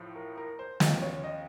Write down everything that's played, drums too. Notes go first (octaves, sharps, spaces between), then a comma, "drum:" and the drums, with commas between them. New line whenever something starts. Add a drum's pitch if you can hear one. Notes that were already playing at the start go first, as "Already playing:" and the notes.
Already playing: A1 A2 F3
A#4
A#4
C5
D#2 C#3 F3 D#5, drum: snare
C#5
D#5